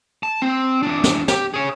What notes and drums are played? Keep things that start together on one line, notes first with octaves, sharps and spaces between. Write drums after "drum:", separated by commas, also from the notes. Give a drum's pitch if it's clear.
A5
C4
E2 D4
drum: snare
G4, drum: snare
G#4 C#5